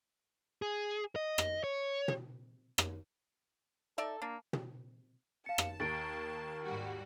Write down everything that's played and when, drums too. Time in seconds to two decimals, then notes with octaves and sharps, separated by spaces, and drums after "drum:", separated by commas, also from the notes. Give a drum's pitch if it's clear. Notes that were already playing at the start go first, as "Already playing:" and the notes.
0.62 G#4
1.16 D#5
1.38 drum: rim click
1.64 C#5
2.08 drum: tom
2.78 drum: rim click
3.98 D#4 A4 D5 E5
4.22 A#3 D4
4.53 drum: tom
5.46 F5 A5 C#7
5.58 drum: rim click
5.80 D#2 A#4 A6 D7
6.63 G#2 G3 F#4